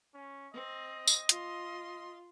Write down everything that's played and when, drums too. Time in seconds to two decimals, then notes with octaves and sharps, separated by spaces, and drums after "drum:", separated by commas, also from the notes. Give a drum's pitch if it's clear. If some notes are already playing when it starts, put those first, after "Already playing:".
0.14 C#4
0.54 C4 D#5
1.08 drum: tambourine
1.29 F4 C6, drum: hi-hat